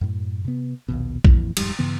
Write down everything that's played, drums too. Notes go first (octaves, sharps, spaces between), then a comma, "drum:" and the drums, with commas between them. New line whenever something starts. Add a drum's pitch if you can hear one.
F#2 A2
C3 B3
A#1 D#2 B2
G#1 F2 A#2 E3, drum: kick A#1
D1 F2 G#2 G3, drum: cymbal
G2 C#3 E3 B3